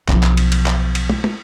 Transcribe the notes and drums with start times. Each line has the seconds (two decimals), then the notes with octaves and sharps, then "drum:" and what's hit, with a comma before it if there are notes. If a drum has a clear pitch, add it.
0.09 B1 F3, drum: clap
0.23 drum: clap
0.37 drum: cymbal
0.52 drum: cymbal
0.66 drum: clap
0.95 drum: cymbal
1.10 drum: tom
1.24 drum: tom